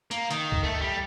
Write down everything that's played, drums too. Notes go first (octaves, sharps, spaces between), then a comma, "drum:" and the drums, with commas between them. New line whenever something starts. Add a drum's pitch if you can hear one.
A#3, drum: hi-hat
D#3, drum: hi-hat
drum: kick C#2
A3
G3